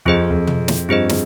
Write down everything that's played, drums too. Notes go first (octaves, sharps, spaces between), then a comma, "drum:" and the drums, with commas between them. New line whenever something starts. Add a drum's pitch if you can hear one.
F2 C4 F4 G#4 C5 D#5
F2
drum: tom
drum: snare
G2 C4 F4 G#4 C5 D#5
drum: snare